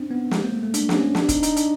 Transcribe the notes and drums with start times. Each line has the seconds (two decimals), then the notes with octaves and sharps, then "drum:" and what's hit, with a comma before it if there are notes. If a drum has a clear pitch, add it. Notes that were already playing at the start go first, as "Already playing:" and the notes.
Already playing: C4 D4 D#4
0.11 B3
0.31 G#3, drum: snare
0.42 A#3
0.52 A3
0.63 A3
0.74 D4, drum: hi-hat
0.89 D4, drum: snare
0.94 C#4
1.15 D4, drum: snare
1.29 D#4, drum: kick, hi-hat
1.43 D#4, drum: hi-hat
1.56 D4, drum: hi-hat